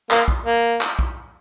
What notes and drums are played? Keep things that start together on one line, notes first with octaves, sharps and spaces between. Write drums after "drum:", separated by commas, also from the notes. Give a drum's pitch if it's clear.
A#3, drum: clap
drum: kick
A#3
drum: clap
drum: kick